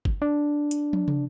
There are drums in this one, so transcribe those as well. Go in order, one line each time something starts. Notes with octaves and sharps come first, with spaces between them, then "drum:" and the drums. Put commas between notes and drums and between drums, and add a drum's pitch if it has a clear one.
drum: kick
D4
drum: hi-hat
drum: tom
drum: tom